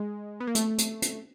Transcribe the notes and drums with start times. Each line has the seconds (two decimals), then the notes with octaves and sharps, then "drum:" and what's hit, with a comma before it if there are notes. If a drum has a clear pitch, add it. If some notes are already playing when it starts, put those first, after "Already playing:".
Already playing: G#3
0.40 B3
0.47 A#3
0.55 A3, drum: hi-hat
0.78 drum: hi-hat
1.02 drum: hi-hat